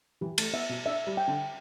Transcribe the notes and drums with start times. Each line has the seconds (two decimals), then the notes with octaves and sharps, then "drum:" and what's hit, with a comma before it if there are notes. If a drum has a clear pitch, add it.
0.21 E3 G4
0.38 A3, drum: cymbal
0.53 B3 E5
0.69 B2
0.85 D4 E5
1.07 G3
1.17 G5
1.28 D3